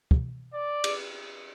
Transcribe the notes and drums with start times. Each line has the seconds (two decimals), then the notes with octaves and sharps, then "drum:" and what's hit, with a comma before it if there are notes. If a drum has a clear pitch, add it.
0.11 drum: kick
0.54 D5
0.84 drum: cymbal